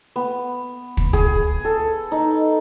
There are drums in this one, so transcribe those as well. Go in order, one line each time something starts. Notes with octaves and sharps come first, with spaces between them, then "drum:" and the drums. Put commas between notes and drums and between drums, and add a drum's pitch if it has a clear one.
B3
drum: kick
G#4, drum: kick
A4
D#4